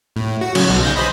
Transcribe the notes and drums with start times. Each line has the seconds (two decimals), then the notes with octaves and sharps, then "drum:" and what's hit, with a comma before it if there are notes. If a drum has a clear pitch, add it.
0.16 A2
0.41 F#4
0.55 C#3 F#3, drum: cymbal
0.68 B1 B2
0.83 C#3 G6 A#6
0.96 C5 D#5 B5